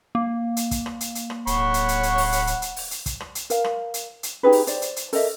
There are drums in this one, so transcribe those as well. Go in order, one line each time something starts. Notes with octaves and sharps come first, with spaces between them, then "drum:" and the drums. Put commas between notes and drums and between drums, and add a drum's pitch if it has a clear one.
A#3
drum: hi-hat
drum: kick, hi-hat
drum: rim click
drum: hi-hat
drum: hi-hat
drum: rim click
D1 C#5 F#5 B5 C#6, drum: hi-hat
drum: hi-hat
drum: hi-hat
drum: hi-hat
drum: open hi-hat
drum: hi-hat
drum: hi-hat
drum: hi-hat
drum: open hi-hat
drum: hi-hat
drum: kick, hi-hat
drum: rim click
drum: hi-hat
A#4 F5, drum: hi-hat
drum: rim click
drum: hi-hat
drum: hi-hat
D#4 G4 G#4 B4
drum: open hi-hat
C5 D5, drum: hi-hat
drum: hi-hat
drum: hi-hat
A4 A#4 D#5 E5, drum: open hi-hat